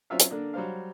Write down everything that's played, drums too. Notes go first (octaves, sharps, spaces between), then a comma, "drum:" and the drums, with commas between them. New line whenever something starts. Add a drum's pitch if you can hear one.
F#3 C4 C#4 F4 E5 F5
drum: hi-hat
D3 A#3 D4
F#3 G3 C5 F5